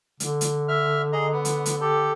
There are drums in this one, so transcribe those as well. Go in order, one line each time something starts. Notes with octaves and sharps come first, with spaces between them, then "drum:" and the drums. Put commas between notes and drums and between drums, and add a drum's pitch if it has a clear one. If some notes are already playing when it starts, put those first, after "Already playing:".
D3, drum: hi-hat
drum: hi-hat
E5 F6
G#4 D#5 A#5
B3
drum: hi-hat
drum: hi-hat
G4 A4